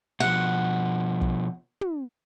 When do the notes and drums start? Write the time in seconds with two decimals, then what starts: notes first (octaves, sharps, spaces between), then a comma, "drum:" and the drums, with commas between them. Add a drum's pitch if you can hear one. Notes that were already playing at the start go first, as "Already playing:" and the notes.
0.20 B2 F3 F#5
1.21 drum: kick
1.81 drum: tom